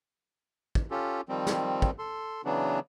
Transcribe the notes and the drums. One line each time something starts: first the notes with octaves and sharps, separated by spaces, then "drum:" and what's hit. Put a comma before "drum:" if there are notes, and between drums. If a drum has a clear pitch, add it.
drum: kick
C#4 F4 G4 A4
D#3 F3 G3 C4
drum: snare
drum: kick
A4 C6
C#3 E3 F#3 B3 D4